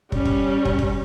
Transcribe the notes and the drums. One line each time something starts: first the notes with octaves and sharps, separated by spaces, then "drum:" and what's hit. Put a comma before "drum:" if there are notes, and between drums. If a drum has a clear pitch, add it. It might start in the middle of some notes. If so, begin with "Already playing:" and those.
G3 C#4, drum: kick
drum: kick
drum: kick
drum: kick